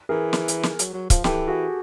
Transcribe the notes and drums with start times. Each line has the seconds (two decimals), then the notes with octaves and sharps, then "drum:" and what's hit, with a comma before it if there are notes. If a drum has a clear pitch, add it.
0.09 E3 G#4 A#4
0.33 drum: snare
0.48 drum: hi-hat
0.63 drum: snare
0.79 F#3, drum: hi-hat
0.94 F#3
1.10 F3, drum: kick, hi-hat
1.24 E3 G4 A4, drum: snare
1.48 F#4 G#4